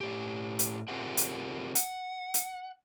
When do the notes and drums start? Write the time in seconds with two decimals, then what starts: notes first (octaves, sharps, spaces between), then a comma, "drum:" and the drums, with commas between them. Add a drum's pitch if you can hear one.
0.01 A2 G4
0.59 drum: hi-hat
0.88 C4 F4 G4 G#4 A#4 F#5
1.17 drum: hi-hat
1.75 F#5, drum: hi-hat
2.34 drum: hi-hat